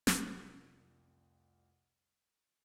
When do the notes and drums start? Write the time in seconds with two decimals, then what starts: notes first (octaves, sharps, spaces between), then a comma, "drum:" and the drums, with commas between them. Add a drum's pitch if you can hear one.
0.07 F1 C2 F2 A#4, drum: snare